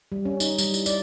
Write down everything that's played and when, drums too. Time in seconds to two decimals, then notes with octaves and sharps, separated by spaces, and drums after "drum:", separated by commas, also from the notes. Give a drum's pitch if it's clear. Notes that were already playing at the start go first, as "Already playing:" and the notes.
0.12 G3
0.25 C#4
0.40 D#4, drum: tambourine
0.58 G3, drum: tambourine
0.74 E4, drum: tambourine
0.86 D5, drum: tambourine